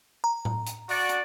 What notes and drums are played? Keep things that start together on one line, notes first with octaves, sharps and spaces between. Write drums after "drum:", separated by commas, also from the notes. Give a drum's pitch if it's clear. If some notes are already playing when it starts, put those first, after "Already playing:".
A#5
drum: tom A2
drum: hi-hat
F#4 D5, drum: open hi-hat
drum: hi-hat